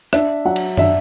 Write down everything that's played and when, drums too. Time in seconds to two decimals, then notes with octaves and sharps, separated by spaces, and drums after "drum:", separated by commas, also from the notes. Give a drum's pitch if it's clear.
0.13 D4 E5, drum: rim click
0.45 F#3 F#5
0.56 drum: cymbal
0.77 D4 E5, drum: tom